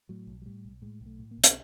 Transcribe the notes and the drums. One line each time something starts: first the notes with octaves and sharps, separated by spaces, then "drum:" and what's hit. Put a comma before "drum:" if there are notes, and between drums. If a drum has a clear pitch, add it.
A2 F#3
B1
F#3
A2 G3
B1
A2 G#3
B1
A3
A2
A#3
B1
C4, drum: hi-hat